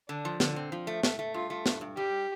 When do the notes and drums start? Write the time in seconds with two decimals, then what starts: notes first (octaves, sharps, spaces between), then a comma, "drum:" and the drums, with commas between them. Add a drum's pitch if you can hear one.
0.09 D3 D4
0.25 F3
0.40 D3, drum: snare
0.56 C4
0.72 F3
0.87 A3
1.03 A3, drum: snare
1.19 A3
1.34 G2 F4
1.50 A3
1.66 G2, drum: snare
1.81 G2
1.97 G3 G4